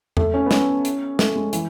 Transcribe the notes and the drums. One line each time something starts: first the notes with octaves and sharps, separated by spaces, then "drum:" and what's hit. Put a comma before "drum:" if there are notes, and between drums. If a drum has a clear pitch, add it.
A3, drum: tom E2
C#4
B3
C#4, drum: snare
drum: hi-hat
A3, drum: snare
G#3
E3, drum: hi-hat